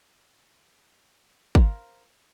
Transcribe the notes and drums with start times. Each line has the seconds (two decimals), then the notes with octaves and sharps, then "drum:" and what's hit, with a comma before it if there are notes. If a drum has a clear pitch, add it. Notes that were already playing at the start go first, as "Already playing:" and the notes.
1.55 A#4 C5 F5, drum: kick